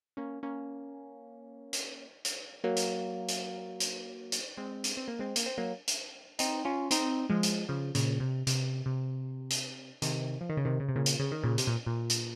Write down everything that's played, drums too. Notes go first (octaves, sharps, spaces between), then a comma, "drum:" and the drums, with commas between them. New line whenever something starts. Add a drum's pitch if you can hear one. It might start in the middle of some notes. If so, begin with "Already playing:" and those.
A#3 C#4
A#3 C#4
drum: hi-hat
drum: hi-hat
F#3 A#3
drum: hi-hat
drum: hi-hat
drum: hi-hat
drum: hi-hat
G#3 C4
drum: hi-hat
C4
A#3
G#3 C4
A#3, drum: hi-hat
C4
F#3 A#3
drum: hi-hat
C4 D#4, drum: hi-hat
C#4 F4
C4 D#4, drum: hi-hat
F3 G#3
drum: hi-hat
C#3 F3
A#2 C#3, drum: hi-hat
C3
C3, drum: hi-hat
C3
drum: hi-hat
C3 D#3, drum: hi-hat
F3
D#3
C#3
C3 D#3
C#3
C3
A#2 C#3
drum: hi-hat
C#3
D#3
A#2 C#3
C3, drum: hi-hat
A#2
A#2
drum: hi-hat